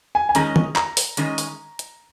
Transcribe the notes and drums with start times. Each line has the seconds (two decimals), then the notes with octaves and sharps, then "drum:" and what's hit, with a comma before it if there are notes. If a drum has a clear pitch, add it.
0.15 G#5
0.29 G#5
0.35 D#3 G#3 C#4 G#4 D#5 A#5, drum: hi-hat
0.56 drum: tom D#3
0.76 A#5, drum: clap
0.97 drum: open hi-hat
1.17 D#3 G#3 C#4 G#4 D#5, drum: hi-hat
1.38 drum: open hi-hat
1.79 drum: hi-hat